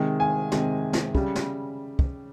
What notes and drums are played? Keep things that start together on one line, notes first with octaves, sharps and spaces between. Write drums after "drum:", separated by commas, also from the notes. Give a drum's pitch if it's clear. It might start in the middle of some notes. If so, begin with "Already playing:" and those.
Already playing: C3 D#3 G#3
G#5
C3 D#3 G#3, drum: snare
drum: snare
C#3 G3, drum: kick
drum: snare
drum: kick